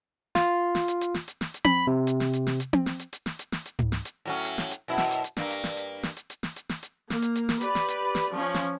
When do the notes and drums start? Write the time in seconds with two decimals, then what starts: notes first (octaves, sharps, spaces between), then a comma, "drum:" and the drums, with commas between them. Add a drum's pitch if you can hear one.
0.35 F4, drum: snare
0.75 drum: snare
0.88 drum: hi-hat
1.01 drum: hi-hat
1.14 drum: snare
1.28 drum: hi-hat
1.41 drum: snare
1.54 drum: hi-hat
1.65 B5, drum: tom C4
1.87 C3
2.07 drum: hi-hat
2.20 drum: snare
2.33 drum: hi-hat
2.47 drum: snare
2.60 drum: hi-hat
2.73 drum: tom C4
2.86 drum: snare
2.99 drum: hi-hat
3.13 drum: hi-hat
3.26 drum: snare
3.39 drum: hi-hat
3.52 drum: snare
3.65 drum: hi-hat
3.79 drum: tom G#2
3.92 drum: snare
4.05 drum: hi-hat
4.25 A2 F#3 C#4
4.45 drum: hi-hat
4.58 drum: snare
4.71 drum: hi-hat
4.88 F#2 B2 E4
4.98 drum: snare
5.11 drum: hi-hat
5.24 drum: hi-hat
5.37 G2 A#3, drum: snare
5.50 drum: hi-hat
5.64 drum: snare
5.77 drum: hi-hat
6.03 drum: snare
6.17 drum: hi-hat
6.30 drum: hi-hat
6.43 drum: snare
6.56 drum: hi-hat
6.69 drum: snare
6.83 drum: hi-hat
7.10 A#3, drum: snare
7.22 drum: hi-hat
7.35 drum: hi-hat
7.49 drum: snare
7.61 G4 B4 D5, drum: hi-hat
7.75 drum: snare
7.88 drum: hi-hat
8.15 drum: snare
8.33 F3 C#4
8.54 drum: snare